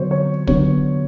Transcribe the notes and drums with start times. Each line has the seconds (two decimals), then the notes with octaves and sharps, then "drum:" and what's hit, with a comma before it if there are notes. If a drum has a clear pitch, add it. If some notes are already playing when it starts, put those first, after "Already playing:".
Already playing: D3 F#3 B3 D4 C5 C#5
0.11 C#5
0.47 D3 F#3 B3 D4 C#5, drum: kick